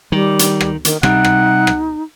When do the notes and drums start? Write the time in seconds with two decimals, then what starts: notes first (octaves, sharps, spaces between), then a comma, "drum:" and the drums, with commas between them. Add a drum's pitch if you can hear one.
0.12 D#3 G3
0.39 drum: hi-hat
0.61 drum: rim click
0.85 D#3, drum: hi-hat
1.03 C3 G3 D#4 F#5, drum: rim click
1.24 drum: rim click
1.67 drum: rim click